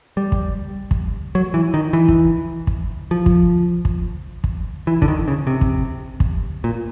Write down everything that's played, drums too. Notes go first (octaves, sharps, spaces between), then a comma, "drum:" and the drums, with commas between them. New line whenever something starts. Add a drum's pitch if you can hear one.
G3
drum: kick
drum: kick
F#3
E3
D#3
E3
drum: kick
drum: kick
F3
drum: kick
drum: kick
drum: kick
E3
D3, drum: kick
D#3
C#3
C3
drum: kick
drum: kick
A#2